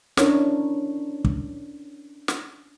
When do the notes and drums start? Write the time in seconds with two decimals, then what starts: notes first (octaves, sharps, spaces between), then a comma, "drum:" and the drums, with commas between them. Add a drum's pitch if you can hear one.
0.17 C#4 D4 E4 A#4 C#5, drum: snare
1.25 drum: kick
2.28 drum: snare